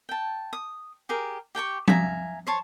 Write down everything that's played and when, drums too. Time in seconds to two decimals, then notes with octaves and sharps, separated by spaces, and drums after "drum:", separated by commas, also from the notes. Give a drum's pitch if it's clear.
0.09 G5 A5
0.53 D#6
1.09 G4 G#4 A#4 G5
1.55 G4 G5 A5 C#6
1.88 E5 F5 G#5 A#5, drum: tom F3
2.47 C5 C#5 A5